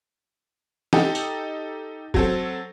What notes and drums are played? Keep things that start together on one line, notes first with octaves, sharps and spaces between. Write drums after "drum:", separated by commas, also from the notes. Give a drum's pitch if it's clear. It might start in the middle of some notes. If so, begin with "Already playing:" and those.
D#4 G4 A4, drum: snare
drum: tambourine
F#3 C4 A4, drum: kick